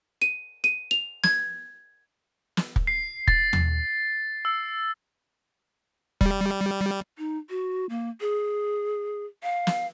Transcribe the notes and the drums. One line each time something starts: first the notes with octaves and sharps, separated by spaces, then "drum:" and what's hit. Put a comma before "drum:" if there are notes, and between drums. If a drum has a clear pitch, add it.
D#7
D#7
F7
G#6, drum: snare
drum: snare
drum: kick
C7
A6, drum: kick
drum: tom D#2
E6
G3, drum: kick
D#4
F#4
A#3
G#4
F5
drum: snare